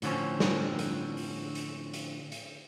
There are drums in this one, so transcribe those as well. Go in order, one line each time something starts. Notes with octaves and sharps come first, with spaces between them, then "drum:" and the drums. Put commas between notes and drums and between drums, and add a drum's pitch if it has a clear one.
A2 D3 F3 C4 C#4, drum: hi-hat
drum: snare
drum: hi-hat
drum: open hi-hat
drum: hi-hat
drum: hi-hat
drum: hi-hat